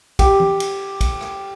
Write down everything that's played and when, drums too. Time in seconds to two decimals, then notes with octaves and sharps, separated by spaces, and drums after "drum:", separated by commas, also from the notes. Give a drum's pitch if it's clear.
0.19 G4, drum: kick, cymbal
0.40 drum: tom E3
0.60 drum: cymbal
1.01 drum: kick, cymbal
1.21 drum: rim click